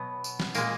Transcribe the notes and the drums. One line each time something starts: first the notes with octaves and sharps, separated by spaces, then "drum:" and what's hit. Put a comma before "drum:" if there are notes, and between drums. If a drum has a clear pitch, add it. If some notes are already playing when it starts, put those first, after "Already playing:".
Already playing: B2 F#3 B3
drum: tambourine
drum: snare
A#2 G#3 A#3, drum: tambourine